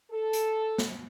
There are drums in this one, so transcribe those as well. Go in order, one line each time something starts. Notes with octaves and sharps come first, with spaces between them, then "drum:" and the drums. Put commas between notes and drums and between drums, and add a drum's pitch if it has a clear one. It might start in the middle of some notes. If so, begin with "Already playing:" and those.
A4
drum: hi-hat
drum: snare